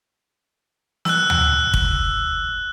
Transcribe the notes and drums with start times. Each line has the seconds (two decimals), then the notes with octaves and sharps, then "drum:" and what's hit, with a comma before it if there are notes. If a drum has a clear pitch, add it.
1.05 E6 F#6, drum: snare
1.30 drum: tom D2
1.74 drum: kick